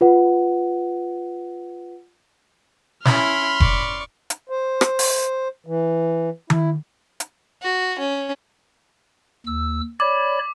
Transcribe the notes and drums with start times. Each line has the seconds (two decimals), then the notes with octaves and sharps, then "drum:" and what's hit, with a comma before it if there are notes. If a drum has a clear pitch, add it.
0.01 F4 B4 F#5
3.05 C#4 E4 B5 C6 F6, drum: snare
3.60 D5 C#6, drum: kick F1
4.30 drum: hi-hat
4.49 C5
4.81 drum: rim click
4.99 drum: open hi-hat
5.67 E3
6.50 E4, drum: tom D#3
7.20 drum: hi-hat
7.62 F#4
7.99 C#4
9.47 D#2 E6
10.00 C#5 D5 B5 D6